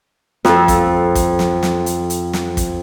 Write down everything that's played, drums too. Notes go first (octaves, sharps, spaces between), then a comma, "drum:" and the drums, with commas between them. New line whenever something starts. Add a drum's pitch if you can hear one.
F2 A4, drum: snare
drum: kick, hi-hat
drum: kick, hi-hat
drum: snare
drum: snare
drum: hi-hat
drum: hi-hat
drum: snare
drum: kick, hi-hat